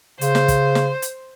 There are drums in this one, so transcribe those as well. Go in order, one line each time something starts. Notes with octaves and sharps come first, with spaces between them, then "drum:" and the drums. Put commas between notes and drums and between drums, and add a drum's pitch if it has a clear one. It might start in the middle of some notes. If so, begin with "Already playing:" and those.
C#3 C5, drum: hi-hat
drum: snare
drum: kick, hi-hat
drum: snare
drum: hi-hat